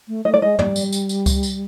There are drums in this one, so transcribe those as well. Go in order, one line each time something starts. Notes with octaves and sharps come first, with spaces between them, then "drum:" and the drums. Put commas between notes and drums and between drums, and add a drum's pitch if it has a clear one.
A3
A3 D#5
D5
G#3 D#5
G3 D5, drum: tom
drum: tambourine
drum: tambourine
drum: tambourine
drum: kick C#2, tambourine
drum: tambourine